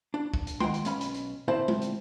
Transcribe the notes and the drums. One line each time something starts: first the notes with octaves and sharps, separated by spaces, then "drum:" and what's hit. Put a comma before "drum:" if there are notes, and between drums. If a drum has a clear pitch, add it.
D4
drum: kick
drum: hi-hat
D#3 A3 F#5 G5 C6, drum: tom G#3
drum: hi-hat
B1 C#4 B5, drum: hi-hat
drum: hi-hat
drum: hi-hat
A#2 D3 C4 E4 C5 A5
drum: tom G#3
drum: hi-hat